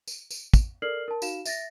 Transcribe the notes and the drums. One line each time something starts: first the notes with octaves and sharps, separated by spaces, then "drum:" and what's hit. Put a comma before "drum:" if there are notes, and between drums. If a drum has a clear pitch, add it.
drum: tambourine
drum: tambourine
drum: kick, tambourine
A4 A#4 D5 F6 C7 F#7
A#4 A5
D#4 F#4 F5 E7, drum: tambourine
E5 A6 A#6, drum: tambourine